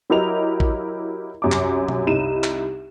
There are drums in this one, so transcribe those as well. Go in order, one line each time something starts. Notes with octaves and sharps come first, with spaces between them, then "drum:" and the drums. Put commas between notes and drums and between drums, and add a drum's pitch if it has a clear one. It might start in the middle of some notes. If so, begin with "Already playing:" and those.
F#3 E4 G4 A#4 D#5 F7
drum: kick A1
C2 F#2 D6
drum: clap
drum: tom B2
C2 D#4 E4 D#7 E7
drum: clap